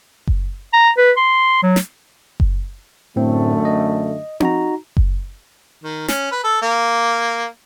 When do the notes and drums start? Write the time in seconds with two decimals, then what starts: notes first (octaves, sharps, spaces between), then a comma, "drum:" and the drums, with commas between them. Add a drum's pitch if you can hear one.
0.27 drum: kick F#1
0.73 A#5
0.97 B4
1.17 C6
1.63 F#3
1.76 drum: snare
2.40 drum: kick F#1
3.16 F#2 A2 D3 A3 C4
3.65 D#5
4.40 D#4 F#4 A#5, drum: tom C4
4.97 drum: kick F#1
5.84 D#3
6.08 C#4, drum: snare
6.31 B4
6.44 A4
6.62 A#3